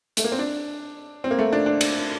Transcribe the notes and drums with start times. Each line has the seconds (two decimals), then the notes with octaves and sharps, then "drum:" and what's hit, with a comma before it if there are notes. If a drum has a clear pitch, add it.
0.17 A3, drum: hi-hat
0.24 A#3
0.32 C4
0.39 D4
1.24 C4
1.31 A#3
1.39 A3
1.53 D4
1.66 D4
1.81 drum: cymbal